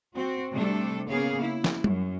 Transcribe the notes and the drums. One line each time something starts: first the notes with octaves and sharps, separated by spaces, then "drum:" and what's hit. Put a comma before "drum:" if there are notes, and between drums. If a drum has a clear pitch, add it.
C4 F#4
C3 G3 A3 D4 A4
C#3 A#3 B3 G#4 F5
E4
drum: snare
F#2, drum: tom